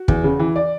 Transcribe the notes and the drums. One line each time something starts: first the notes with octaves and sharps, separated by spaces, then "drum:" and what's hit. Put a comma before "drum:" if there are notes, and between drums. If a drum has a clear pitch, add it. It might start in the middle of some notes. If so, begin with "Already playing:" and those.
Already playing: F#4
E2, drum: kick
C#3
E3
D5